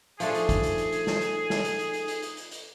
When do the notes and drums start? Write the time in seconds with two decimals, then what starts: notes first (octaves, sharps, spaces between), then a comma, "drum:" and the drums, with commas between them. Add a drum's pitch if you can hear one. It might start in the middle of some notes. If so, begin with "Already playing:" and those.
0.20 F3 A3 D4 D#4 G#4 A4, drum: hi-hat
0.35 drum: hi-hat
0.49 drum: kick, hi-hat
0.63 drum: hi-hat
0.78 drum: hi-hat
0.92 drum: hi-hat
1.07 drum: snare
1.21 drum: hi-hat
1.50 drum: snare
1.65 drum: hi-hat
1.79 drum: hi-hat
1.94 drum: hi-hat
2.08 drum: hi-hat
2.22 drum: hi-hat
2.37 drum: hi-hat
2.51 drum: hi-hat